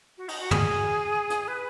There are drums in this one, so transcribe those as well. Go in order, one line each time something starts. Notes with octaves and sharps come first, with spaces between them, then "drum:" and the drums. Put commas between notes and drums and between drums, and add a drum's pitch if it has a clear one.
F#4
D#4, drum: open hi-hat
F#4
G#4, drum: tom
drum: hi-hat
B4